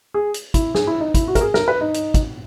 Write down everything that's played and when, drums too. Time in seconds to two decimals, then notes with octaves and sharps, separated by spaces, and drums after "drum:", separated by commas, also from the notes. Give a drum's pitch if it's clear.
0.14 G#4
0.34 drum: hi-hat
0.54 E4, drum: kick, hi-hat
0.74 G#4, drum: snare
0.87 E4
1.00 D#4
1.14 E4, drum: kick, hi-hat
1.28 F#4
1.35 A#4, drum: kick, hi-hat
1.41 G#4
1.54 A#4, drum: snare
1.68 B4
1.81 D#4
1.94 drum: hi-hat
2.14 drum: kick, hi-hat